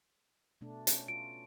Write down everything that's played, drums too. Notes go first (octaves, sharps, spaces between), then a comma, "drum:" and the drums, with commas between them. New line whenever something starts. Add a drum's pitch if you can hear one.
B2 A3 D4
C#4, drum: hi-hat
F4 D7